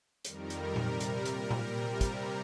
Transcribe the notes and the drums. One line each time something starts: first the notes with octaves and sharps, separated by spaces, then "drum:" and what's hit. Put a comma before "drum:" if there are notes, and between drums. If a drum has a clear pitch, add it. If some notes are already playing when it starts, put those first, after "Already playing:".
F2 D#3 G3 A#4, drum: hi-hat
drum: hi-hat
C3 G3, drum: tom A#2
drum: hi-hat
A#2 G3, drum: hi-hat
drum: tom A#2
C3 G3
drum: kick, hi-hat